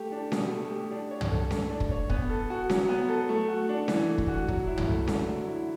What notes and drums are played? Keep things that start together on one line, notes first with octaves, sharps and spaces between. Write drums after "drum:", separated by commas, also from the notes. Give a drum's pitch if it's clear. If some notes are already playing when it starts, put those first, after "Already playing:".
Already playing: A3 G4
D4
B2, drum: snare C#4
A3
G4
D4
C#5
drum: tom
A4
A3, drum: snare C#4
D4
drum: kick
C#5
B3, drum: kick
A4
F#4
F#3, drum: snare C#4
B3
A4
A3
F#4
D4
E3, drum: snare C#4
A3
drum: kick
F#4
F#3, drum: kick
E4
drum: tom
A3
D3, drum: snare C#4
F#3
E4